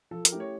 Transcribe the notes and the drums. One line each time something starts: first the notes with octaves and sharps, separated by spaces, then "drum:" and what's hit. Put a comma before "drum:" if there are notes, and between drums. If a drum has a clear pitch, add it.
F3 A4
A#4, drum: hi-hat
A3 C#4 E4 G4
C#5